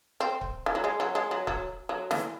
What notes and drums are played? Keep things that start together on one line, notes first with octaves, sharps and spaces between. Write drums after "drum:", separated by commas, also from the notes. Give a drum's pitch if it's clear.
C4
drum: kick
E3
F#3
G#3
F#3
G#3
F#3
F#3, drum: kick
F#3
E3, drum: snare